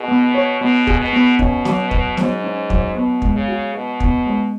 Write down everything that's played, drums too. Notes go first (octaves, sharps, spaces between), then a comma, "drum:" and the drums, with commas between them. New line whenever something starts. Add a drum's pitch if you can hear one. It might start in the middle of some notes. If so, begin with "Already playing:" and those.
Already playing: B2 G#4
B3
C#5
B2 B3
G#4, drum: kick
B2
B3
B2 C#4, drum: kick
F#3, drum: snare
B4, drum: kick
G#2 F#3, drum: snare
C#4
F#3, drum: kick
B2 B3
G#3, drum: kick
C#3
F#4
B2 B4
B3, drum: kick
G#3